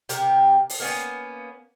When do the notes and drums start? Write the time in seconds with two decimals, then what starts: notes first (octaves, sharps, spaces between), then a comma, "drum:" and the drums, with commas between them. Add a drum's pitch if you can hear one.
0.09 C3 G4 A#4, drum: hi-hat
0.70 drum: open hi-hat
0.80 A#3 B3 C#4